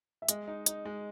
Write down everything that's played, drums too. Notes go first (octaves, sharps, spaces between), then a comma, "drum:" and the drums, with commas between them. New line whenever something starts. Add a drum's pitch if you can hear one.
E5
G#3 D#5, drum: hi-hat
D#4
D#4, drum: hi-hat
G#3